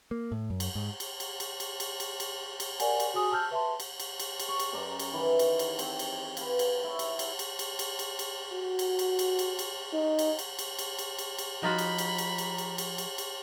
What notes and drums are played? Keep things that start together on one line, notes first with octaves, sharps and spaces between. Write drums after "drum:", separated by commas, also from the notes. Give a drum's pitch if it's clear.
A#3
A2
F#2
drum: cymbal
G#2
drum: cymbal
drum: cymbal
drum: cymbal
drum: cymbal
drum: cymbal
drum: cymbal
drum: cymbal
drum: cymbal
A#4 D5 F#5 G#5, drum: cymbal
drum: cymbal
F#4 G#4 G#5 D#6
A5 E6 F6 G6
B4 E5 A5 C6
drum: cymbal
drum: cymbal
drum: cymbal
drum: cymbal
C#6
drum: cymbal
F#2 C#4 D5 A#5
drum: cymbal
D#3 E3 B5
drum: cymbal
drum: cymbal
C4, drum: cymbal
drum: cymbal
B4 F5, drum: cymbal
drum: cymbal
E4 C#5
drum: cymbal
drum: cymbal
drum: cymbal
drum: cymbal
drum: cymbal
drum: cymbal
drum: cymbal
F#4
drum: cymbal
drum: cymbal
drum: cymbal
drum: cymbal
drum: cymbal
D#4
drum: cymbal
drum: cymbal
drum: cymbal
drum: cymbal
drum: cymbal
drum: cymbal
drum: cymbal
F3 D#4 F4 F#4 A#5 B5
drum: cymbal
drum: cymbal
drum: cymbal
drum: cymbal
drum: cymbal
drum: cymbal
drum: cymbal
drum: cymbal